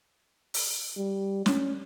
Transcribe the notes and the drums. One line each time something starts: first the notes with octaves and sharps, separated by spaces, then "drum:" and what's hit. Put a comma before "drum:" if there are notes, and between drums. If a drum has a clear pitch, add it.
drum: open hi-hat
G3
C#4, drum: snare